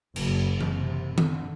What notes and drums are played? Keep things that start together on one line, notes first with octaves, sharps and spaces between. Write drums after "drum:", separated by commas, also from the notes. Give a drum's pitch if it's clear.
F#1, drum: cymbal
drum: tom E3
C3
D3, drum: tom D#3